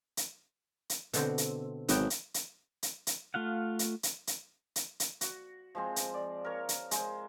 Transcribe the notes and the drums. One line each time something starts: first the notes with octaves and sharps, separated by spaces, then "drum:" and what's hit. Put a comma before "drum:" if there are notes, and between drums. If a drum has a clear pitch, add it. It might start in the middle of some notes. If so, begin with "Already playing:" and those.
drum: hi-hat
drum: hi-hat
B2 D3 C4, drum: hi-hat
drum: hi-hat
G#1 F#3 B3 G5, drum: hi-hat
drum: hi-hat
drum: hi-hat
drum: hi-hat
drum: hi-hat
A3 F4 F5 F#5
drum: hi-hat
drum: hi-hat
drum: hi-hat
drum: hi-hat
drum: hi-hat
F#4, drum: hi-hat
F3 G#3 C4
drum: hi-hat
D5
A#4 C#5
drum: hi-hat
G#3 C5, drum: hi-hat